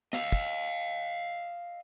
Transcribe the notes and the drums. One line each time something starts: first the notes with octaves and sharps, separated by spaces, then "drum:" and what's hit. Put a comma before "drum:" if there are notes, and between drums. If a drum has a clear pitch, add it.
D#5 F5, drum: snare
drum: kick